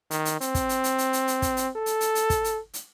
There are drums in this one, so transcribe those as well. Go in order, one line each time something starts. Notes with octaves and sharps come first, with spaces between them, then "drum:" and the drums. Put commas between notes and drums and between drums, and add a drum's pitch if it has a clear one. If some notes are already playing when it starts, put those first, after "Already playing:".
D#3, drum: hi-hat
drum: hi-hat
C4, drum: hi-hat
drum: kick, hi-hat
drum: hi-hat
drum: hi-hat
drum: hi-hat
drum: hi-hat
drum: hi-hat
drum: kick, hi-hat
drum: hi-hat
A4
drum: hi-hat
drum: hi-hat
drum: hi-hat
drum: kick, hi-hat
drum: hi-hat
drum: hi-hat